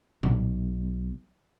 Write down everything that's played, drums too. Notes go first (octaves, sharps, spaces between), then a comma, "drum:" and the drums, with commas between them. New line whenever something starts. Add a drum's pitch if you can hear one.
B1, drum: tom A#2